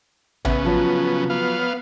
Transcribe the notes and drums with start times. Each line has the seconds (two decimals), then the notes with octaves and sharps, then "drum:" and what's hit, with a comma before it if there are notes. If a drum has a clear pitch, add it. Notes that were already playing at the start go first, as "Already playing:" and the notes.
0.45 C#3 B3 E5, drum: tom A#1
0.65 F3 F#3
1.30 B3 F5